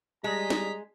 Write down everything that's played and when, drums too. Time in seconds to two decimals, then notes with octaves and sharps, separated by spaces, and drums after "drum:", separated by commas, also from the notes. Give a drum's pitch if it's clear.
0.24 G3 G#3 G#4 D#5 A#5 B6
0.50 drum: snare